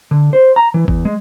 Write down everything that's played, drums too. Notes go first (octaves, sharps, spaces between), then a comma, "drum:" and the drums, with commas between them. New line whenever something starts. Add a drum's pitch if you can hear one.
D3
C5
A#5
E3
E2, drum: kick
G#3